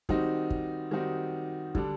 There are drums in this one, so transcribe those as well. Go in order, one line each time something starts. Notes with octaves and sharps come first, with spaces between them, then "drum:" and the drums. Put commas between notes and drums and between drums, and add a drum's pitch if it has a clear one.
D#3 G3 C4 D#4 F#4, drum: kick
drum: kick
D#3 G3 C4 D#4 F#4
D3 G3 D4, drum: kick